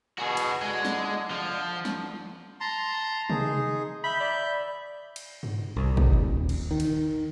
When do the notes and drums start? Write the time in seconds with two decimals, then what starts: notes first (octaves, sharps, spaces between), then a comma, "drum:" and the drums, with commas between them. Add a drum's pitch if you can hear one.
0.19 B2 F#4 G#4
0.37 drum: cymbal
0.62 D3 G#3
0.85 drum: snare
1.31 F3
1.85 drum: snare
2.61 A5 A#5 C6
3.30 D#4 G#4, drum: tom C3
4.04 E5 B5 G6
4.20 D5
5.16 drum: cymbal
5.43 drum: tom G2
5.77 C2
5.97 drum: kick
6.13 D#1
6.49 drum: cymbal
6.71 D#3
6.80 drum: cymbal